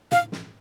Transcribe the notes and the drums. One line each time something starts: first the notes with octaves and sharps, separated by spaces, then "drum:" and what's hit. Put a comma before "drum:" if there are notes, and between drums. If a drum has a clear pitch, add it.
F5, drum: tom
drum: snare